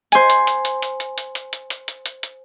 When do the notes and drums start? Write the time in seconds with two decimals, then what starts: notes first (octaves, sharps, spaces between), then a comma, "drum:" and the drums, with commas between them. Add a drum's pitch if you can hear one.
0.12 C5 G#5, drum: hi-hat
0.30 drum: hi-hat
0.47 drum: hi-hat
0.65 drum: hi-hat
0.82 drum: hi-hat
1.00 drum: hi-hat
1.18 drum: hi-hat
1.35 drum: hi-hat
1.53 drum: hi-hat
1.70 drum: hi-hat
1.88 drum: hi-hat
2.06 drum: hi-hat
2.23 drum: hi-hat